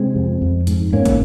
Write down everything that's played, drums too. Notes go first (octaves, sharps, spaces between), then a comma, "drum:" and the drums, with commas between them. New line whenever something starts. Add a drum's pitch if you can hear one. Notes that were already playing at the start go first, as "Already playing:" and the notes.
Already playing: C3 G#3 C4
F2
F2
G#2, drum: hi-hat
G#2 A#3 C#4
drum: kick, hi-hat